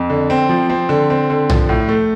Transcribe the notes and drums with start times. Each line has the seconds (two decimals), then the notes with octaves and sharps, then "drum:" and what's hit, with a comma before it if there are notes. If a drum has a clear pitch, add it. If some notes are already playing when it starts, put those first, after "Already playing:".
Already playing: F2
0.10 D3
0.30 C4
0.49 F3
0.69 C4
0.89 D3
1.10 C4
1.30 D3
1.50 F3, drum: tom B1
1.69 A2
1.89 A3